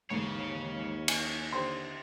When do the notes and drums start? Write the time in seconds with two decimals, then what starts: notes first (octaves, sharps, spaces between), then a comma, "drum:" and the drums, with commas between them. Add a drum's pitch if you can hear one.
0.10 A1 D#2 G#2 A4 C#5 F5
1.08 G#5, drum: cymbal
1.53 D3 G4 C5 C6